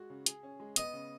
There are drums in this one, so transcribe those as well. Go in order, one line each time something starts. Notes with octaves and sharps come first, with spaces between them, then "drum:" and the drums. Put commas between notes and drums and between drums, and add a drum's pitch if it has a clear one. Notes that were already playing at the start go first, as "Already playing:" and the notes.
Already playing: G#3 F#4
C#3
G#4, drum: hi-hat
C#4
G#3
B3 D#5, drum: hi-hat
C#3